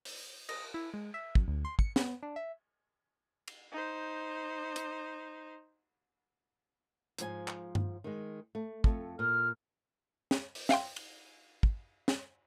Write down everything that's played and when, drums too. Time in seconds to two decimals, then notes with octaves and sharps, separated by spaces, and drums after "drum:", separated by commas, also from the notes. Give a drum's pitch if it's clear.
0.05 drum: open hi-hat
0.49 D#5, drum: cymbal
0.74 E4
0.94 G#3
1.14 E5
1.35 F#2, drum: kick
1.48 D2
1.65 C6
1.79 C#7, drum: kick
1.96 B3, drum: snare
2.23 D4
2.36 E5
3.48 drum: cymbal
3.72 D#4 C5
4.76 drum: hi-hat
7.18 G#2 F3 G#5, drum: hi-hat
7.48 drum: clap
7.75 drum: tom G2
8.04 D#3 G#3
8.55 A3
8.84 F2 A3, drum: kick
9.19 A#2 F6
10.31 drum: snare
10.55 drum: open hi-hat
10.69 E5 F5 G5 C6, drum: snare
10.96 drum: cymbal
11.63 drum: kick
12.08 drum: snare